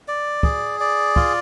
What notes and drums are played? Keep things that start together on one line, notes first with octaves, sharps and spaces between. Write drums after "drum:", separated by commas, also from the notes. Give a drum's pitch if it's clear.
D5
G#4, drum: kick
D5
F4, drum: kick